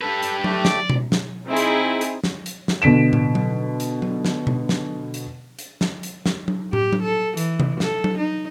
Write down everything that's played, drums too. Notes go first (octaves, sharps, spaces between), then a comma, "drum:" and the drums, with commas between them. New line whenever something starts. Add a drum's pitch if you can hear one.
G3 A4 B4
drum: hi-hat
A3 G4, drum: tom F#3
D5, drum: snare
drum: tom B2
drum: snare
C4 D#4 E4 G#4
drum: hi-hat
drum: hi-hat
drum: snare
drum: hi-hat
drum: snare
B2 D3 B6 D7 E7
drum: tom
drum: tom F#3
drum: hi-hat
drum: tom F#3
drum: snare
drum: tom B2
drum: snare
drum: hi-hat
drum: hi-hat
drum: snare
drum: hi-hat
drum: snare
drum: tom F#3
G4, drum: tom
drum: tom F#3
A4
E3, drum: hi-hat
drum: tom C3
A4, drum: snare
drum: tom F#3
D#4